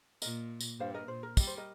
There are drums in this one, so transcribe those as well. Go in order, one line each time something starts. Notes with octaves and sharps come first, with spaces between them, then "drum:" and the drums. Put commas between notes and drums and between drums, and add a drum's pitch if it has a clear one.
A#2 A#4 D#5, drum: tambourine
drum: tambourine
G2 C5 F5
A#4 D#5
A#2 C5
A#4
G3 D#5, drum: kick, tambourine
C5
A#4 D#5